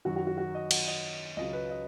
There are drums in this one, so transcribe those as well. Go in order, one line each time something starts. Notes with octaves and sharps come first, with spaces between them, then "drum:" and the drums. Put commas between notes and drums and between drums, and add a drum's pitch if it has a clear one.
F#2 D#3 F#3 F#4
F#4
F#4
F#4
D#5
F#5, drum: cymbal
D#5
C#2 C#3 F#3 D#5
B4
D#5